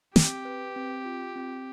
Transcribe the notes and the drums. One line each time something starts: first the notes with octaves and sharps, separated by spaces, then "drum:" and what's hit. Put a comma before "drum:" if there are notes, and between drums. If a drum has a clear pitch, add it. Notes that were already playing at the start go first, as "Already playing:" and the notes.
C4 G4, drum: snare
B4
C4
F4
C4